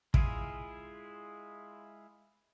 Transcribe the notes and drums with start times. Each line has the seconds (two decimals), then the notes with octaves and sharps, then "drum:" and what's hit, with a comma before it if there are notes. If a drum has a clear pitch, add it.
0.14 G#3 E4 F4 G#4, drum: kick